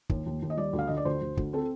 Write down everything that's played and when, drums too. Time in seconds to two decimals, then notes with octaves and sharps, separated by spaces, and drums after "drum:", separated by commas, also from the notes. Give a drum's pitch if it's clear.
0.09 D#2, drum: kick
0.26 D#2
0.42 D#2
0.50 D#5
0.57 G3 D5
0.73 D2
0.79 F5
0.87 D3 D#5
0.97 D5
1.05 D2 C5
1.22 D2
1.37 D2, drum: kick
1.53 C4 A4